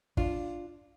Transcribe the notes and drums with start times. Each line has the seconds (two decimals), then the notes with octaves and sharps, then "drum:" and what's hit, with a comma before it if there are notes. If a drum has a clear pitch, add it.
0.17 D4 F4, drum: kick